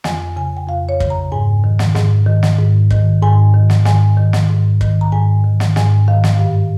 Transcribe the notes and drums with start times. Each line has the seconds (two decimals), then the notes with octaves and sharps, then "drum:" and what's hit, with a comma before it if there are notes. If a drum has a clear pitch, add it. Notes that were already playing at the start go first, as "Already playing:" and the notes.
0.04 F2 G#5, drum: snare
0.36 C#3 G#5
0.57 G5
0.68 F2 F5
0.89 C#5
1.00 C#3, drum: kick
1.10 A#5
1.32 G#2 G#5
1.64 D#3
1.79 drum: snare
1.95 G#2, drum: snare
2.26 D#3
2.43 drum: snare
2.58 G#2
2.90 D#3, drum: kick
3.22 G#2 G#5
3.54 D#3
3.70 drum: snare
3.85 G#2 G#5, drum: snare
4.17 D#3
4.33 drum: snare
4.50 G#2
4.81 D#3, drum: kick
5.01 A#5
5.12 G#2 G#5
5.44 D#3
5.60 drum: snare
5.76 G#2 G#5, drum: snare
6.08 D#3 F5
6.24 drum: snare
6.39 G2 F5